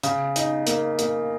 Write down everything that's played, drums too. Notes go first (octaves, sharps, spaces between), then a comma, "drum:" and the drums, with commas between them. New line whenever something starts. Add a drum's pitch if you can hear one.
C#3, drum: hi-hat
D#4, drum: hi-hat
A#3, drum: hi-hat
A#3, drum: hi-hat